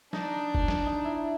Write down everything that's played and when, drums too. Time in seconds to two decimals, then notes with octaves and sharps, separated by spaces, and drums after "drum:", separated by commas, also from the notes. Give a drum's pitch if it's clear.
0.13 D4 D#4, drum: snare
0.55 drum: kick F1
0.68 drum: snare
0.86 D#4
1.05 E4